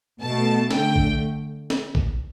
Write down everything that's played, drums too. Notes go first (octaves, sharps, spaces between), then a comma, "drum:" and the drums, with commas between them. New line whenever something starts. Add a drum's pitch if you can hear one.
B2 A3 A5
D3 A3 G5, drum: snare
drum: kick
drum: snare
drum: kick